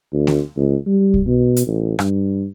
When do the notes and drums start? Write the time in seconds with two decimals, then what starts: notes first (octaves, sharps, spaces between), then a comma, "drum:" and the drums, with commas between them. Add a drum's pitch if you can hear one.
0.13 D2
0.27 drum: snare A3
0.57 C#2
0.86 G3
1.14 drum: kick B1
1.27 B2
1.56 drum: hi-hat
1.67 A1
1.99 G2, drum: rim click